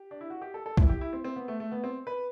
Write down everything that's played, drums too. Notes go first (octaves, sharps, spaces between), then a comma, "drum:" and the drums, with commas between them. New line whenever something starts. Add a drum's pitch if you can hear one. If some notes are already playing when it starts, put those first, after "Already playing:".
Already playing: G4
D4
E4
F#4
G4
A4
A4
E4, drum: kick
G4
E4
C4
C4
B3
A3
A3
B3
C4
B4